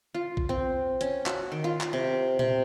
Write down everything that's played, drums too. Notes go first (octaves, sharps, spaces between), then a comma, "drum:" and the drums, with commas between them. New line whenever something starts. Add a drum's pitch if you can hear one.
F4
drum: kick A#1
C4
C#4, drum: hi-hat
F#4, drum: clap
D#3
F4
drum: clap
C3
C3, drum: tom A#2